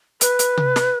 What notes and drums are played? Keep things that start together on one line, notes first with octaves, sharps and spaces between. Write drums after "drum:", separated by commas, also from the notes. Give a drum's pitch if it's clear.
B4, drum: hi-hat
drum: hi-hat
drum: tom C3
drum: snare